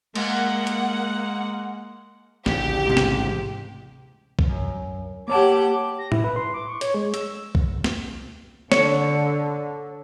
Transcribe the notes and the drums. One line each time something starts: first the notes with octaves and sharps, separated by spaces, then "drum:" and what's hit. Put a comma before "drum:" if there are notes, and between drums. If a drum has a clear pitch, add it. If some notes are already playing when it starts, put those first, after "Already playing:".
G#3 A#3 F#5, drum: cymbal
drum: hi-hat
A1 D2 C#3 G4, drum: snare
G#2 C3
drum: snare
drum: kick B1
F#2
A#3 G4 C#5 F#5 A5 D6
A#6
E4, drum: tom A2
B4
C6
D6
C#6
C#5, drum: hi-hat
G#3
E6, drum: hi-hat
drum: kick B1
drum: snare
D3 C#5, drum: snare